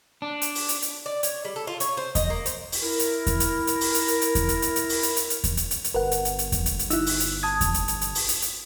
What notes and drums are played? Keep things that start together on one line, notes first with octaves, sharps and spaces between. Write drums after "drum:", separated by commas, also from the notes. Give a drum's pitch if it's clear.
D4
drum: hi-hat
drum: open hi-hat
drum: hi-hat
drum: hi-hat
D5
C#5, drum: hi-hat
G3
A4
F4
C#5, drum: hi-hat
C5
D#5, drum: kick E2, hi-hat
A#3
C5, drum: hi-hat
drum: open hi-hat
E4 A#4
drum: hi-hat
drum: kick E2, hi-hat
drum: hi-hat
drum: hi-hat
drum: open hi-hat
drum: hi-hat
drum: hi-hat
drum: hi-hat
drum: kick E2, hi-hat
drum: hi-hat
drum: hi-hat
drum: hi-hat
drum: open hi-hat
drum: hi-hat
drum: hi-hat
drum: hi-hat
drum: kick E2, hi-hat
drum: hi-hat
drum: hi-hat
drum: hi-hat
G1 A#4 B4 F#5
drum: hi-hat
drum: hi-hat
drum: hi-hat
drum: kick E2, hi-hat
drum: hi-hat
drum: hi-hat
D#4 E4 E6 F#6, drum: hi-hat
drum: open hi-hat
drum: hi-hat
A5 D#6 G#6
drum: kick E2, hi-hat
drum: hi-hat
drum: hi-hat
drum: hi-hat
drum: open hi-hat
drum: hi-hat
drum: hi-hat